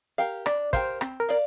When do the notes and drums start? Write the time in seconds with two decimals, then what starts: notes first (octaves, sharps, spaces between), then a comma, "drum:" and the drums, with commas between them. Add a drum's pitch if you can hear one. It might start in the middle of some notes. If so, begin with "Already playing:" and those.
0.18 G4 A#4 F5
0.46 D4 D5, drum: rim click
0.73 G4 A#4 C5 F5, drum: kick, hi-hat
1.01 C4, drum: rim click
1.20 A#4
1.29 D5 F5, drum: hi-hat